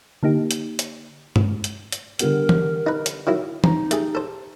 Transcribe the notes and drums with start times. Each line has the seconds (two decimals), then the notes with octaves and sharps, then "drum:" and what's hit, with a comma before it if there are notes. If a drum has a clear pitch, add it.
0.23 D3 A#3 D#4 G4
0.51 drum: hi-hat
0.79 drum: hi-hat
1.36 drum: tom G2
1.64 drum: hi-hat
1.92 drum: hi-hat
2.19 D3 G3 B3 A#4, drum: hi-hat
2.49 drum: tom E3
2.87 D#4 B4
3.06 drum: hi-hat
3.27 D#3 F#3 E4
3.64 D#4 A#5, drum: tom E3
3.91 A3 G4 G#4, drum: hi-hat
4.15 A4 C5